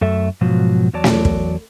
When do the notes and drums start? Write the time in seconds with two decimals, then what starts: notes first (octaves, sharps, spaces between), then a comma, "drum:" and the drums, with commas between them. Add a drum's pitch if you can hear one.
0.01 F#2 A3 A4 E5
0.41 G#2 B2 F3 F#3
0.93 E2 F#3 C#5 D5 A5
1.04 drum: snare
1.25 drum: kick